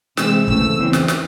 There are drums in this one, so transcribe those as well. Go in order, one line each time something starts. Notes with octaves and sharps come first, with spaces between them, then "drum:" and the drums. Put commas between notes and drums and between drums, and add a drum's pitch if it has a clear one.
C3 E3 G#3 C4 E6, drum: snare
C#3 E3 A3 C4 E6, drum: kick
E2 C#3 E3 C4
drum: snare
drum: snare